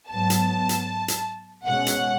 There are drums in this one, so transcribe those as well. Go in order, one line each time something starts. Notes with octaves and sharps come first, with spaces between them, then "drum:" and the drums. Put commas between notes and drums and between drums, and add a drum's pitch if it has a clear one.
G#2 F#3 B3 A5
drum: hi-hat
drum: hi-hat
drum: hi-hat
B2 G#3 C#4 F#5
drum: hi-hat